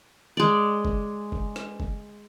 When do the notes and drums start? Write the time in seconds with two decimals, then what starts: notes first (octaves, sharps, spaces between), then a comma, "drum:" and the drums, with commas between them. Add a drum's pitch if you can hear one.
0.37 G#3 D5
0.85 drum: kick
1.32 drum: kick
1.56 drum: rim click
1.80 drum: kick